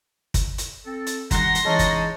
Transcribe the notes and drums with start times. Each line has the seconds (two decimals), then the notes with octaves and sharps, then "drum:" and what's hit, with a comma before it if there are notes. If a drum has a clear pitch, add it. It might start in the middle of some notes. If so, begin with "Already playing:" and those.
0.34 drum: kick, hi-hat
0.58 drum: hi-hat
0.86 C4 A4
1.07 drum: hi-hat
1.31 D#3 G3 F#5 A#5 C6 A#6, drum: kick, hi-hat
1.55 drum: hi-hat
1.65 E3 G#3 C#4 D#4 G#4 D#5 A5
1.79 drum: kick, hi-hat